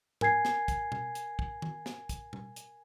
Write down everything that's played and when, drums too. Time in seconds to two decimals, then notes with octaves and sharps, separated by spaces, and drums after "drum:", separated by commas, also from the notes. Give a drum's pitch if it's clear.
0.21 A#4 G#5 G#6 C7, drum: tom G#2
0.45 drum: snare
0.68 drum: kick, hi-hat
0.92 drum: tom B2
1.15 drum: hi-hat
1.39 drum: kick
1.62 drum: tom D#3
1.86 drum: snare
2.09 drum: kick, hi-hat
2.33 drum: tom B2
2.56 drum: hi-hat